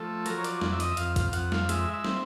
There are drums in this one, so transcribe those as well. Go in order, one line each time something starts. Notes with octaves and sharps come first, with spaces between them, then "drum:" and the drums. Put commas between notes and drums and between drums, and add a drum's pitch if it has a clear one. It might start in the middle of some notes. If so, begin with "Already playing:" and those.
Already playing: F3 A3 A4
F#3 A#4, drum: hi-hat
C#5
D5, drum: hi-hat
F2 D5, drum: snare
E5
D#5, drum: hi-hat
E5
F2 F5, drum: hi-hat
F5, drum: kick, hi-hat
F5
F2 F#5, drum: hi-hat
F5, drum: snare
G#3 E5, drum: hi-hat
E5
C4, drum: snare